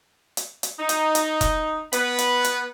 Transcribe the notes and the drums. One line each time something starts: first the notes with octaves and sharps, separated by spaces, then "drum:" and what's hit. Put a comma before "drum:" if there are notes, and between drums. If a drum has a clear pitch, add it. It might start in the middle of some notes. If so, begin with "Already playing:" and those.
drum: hi-hat
drum: hi-hat
D#4
drum: hi-hat
drum: hi-hat
drum: kick E1, hi-hat
B3 B4, drum: hi-hat
drum: hi-hat
drum: hi-hat